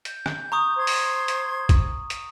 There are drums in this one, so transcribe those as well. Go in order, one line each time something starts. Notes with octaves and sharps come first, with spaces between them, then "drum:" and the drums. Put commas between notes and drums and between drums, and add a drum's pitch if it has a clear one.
G6, drum: hi-hat
drum: rim click
A#5 C#6 D#6
C5 C6 G#6
drum: open hi-hat
drum: hi-hat
drum: kick A#1, hi-hat
drum: hi-hat